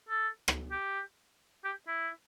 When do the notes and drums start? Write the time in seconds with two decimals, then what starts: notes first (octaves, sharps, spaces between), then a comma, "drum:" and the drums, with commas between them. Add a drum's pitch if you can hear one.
0.09 A4
0.48 drum: rim click
0.72 G4
1.65 G4
1.88 E4